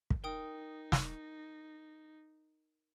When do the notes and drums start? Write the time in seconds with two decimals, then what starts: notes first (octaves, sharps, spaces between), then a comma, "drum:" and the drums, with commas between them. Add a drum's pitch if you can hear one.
0.10 drum: kick
0.24 D#4 A#4 G5 D#6
0.92 drum: snare